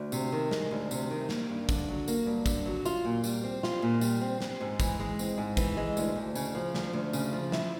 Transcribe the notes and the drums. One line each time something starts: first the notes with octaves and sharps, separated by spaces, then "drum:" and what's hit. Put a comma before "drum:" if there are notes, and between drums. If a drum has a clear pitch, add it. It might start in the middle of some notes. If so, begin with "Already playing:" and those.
Already playing: D2
C3, drum: tambourine
D#3
G#3, drum: snare
D2
C3, drum: tambourine
D#3
A#3, drum: snare
G2
D3, drum: kick, tambourine
F#3
A#3, drum: tambourine
G2
D3, drum: kick, tambourine
F#3
F4, drum: tambourine
A#2
G3, drum: tambourine
C4
F4, drum: snare
A#2
G3, drum: tambourine
C4
C4, drum: snare
G#2
E3, drum: kick, tambourine
G#3
C4, drum: tambourine
G#2
E3, drum: kick, tambourine
G#3
D2, drum: tambourine
D2
C#3, drum: tambourine
F3
D2, drum: snare
D2
C#3, drum: tambourine
F3
E4, drum: snare